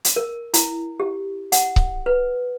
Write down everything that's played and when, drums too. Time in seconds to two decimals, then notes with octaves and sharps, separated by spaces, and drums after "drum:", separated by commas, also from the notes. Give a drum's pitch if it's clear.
0.05 drum: hi-hat
0.16 A#4
0.54 E4, drum: hi-hat
1.00 G4
1.52 F#5, drum: hi-hat
1.76 drum: kick C#1
2.06 B4